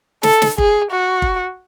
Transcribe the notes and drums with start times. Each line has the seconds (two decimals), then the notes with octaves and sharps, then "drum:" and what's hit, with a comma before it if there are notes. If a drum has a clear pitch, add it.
0.23 A4, drum: snare
0.42 drum: snare
0.58 G#4, drum: kick
0.92 F#4
1.22 drum: kick